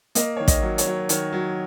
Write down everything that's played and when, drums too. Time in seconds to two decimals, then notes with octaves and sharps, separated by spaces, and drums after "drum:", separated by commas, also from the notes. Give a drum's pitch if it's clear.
0.15 A#3 D#5, drum: hi-hat
0.36 D#3 C#5
0.48 D#5, drum: kick, hi-hat
0.62 F#3
0.78 C#5, drum: hi-hat
0.86 F#3
1.09 D#3 C#5, drum: hi-hat
1.32 F#3